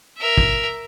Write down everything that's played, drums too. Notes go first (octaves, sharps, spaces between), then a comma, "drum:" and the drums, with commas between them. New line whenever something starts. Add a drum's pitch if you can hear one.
A#4 E5
drum: kick